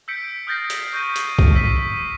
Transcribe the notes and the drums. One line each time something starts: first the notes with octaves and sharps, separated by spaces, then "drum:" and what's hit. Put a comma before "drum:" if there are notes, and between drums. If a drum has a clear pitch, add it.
E6 G6 B6 C#7 D7
D#6 F6 G6 A6 A#6 C7
drum: hi-hat
C#6 G6 A#6 D#7
drum: hi-hat
drum: kick
E6 B6 D#7